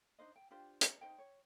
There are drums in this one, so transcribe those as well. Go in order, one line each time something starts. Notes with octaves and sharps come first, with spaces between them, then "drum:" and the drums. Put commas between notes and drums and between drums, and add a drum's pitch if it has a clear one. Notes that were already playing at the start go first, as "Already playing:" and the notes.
D4 D#4 C5 D#5
G5
D4 F4 G4 C5
drum: hi-hat
D#4 C5 D#5 G5
C#5